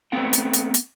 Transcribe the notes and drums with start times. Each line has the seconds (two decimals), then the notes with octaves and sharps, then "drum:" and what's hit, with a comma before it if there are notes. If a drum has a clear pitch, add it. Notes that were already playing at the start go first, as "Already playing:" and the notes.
0.12 A3 B3 C4 F#5 G5
0.33 drum: hi-hat
0.53 drum: hi-hat
0.74 drum: hi-hat